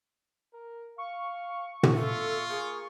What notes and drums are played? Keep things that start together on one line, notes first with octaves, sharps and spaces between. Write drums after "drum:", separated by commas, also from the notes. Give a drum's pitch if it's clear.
A#4
F5 C#6
drum: tom
F4 A4 E5
A#3 G#4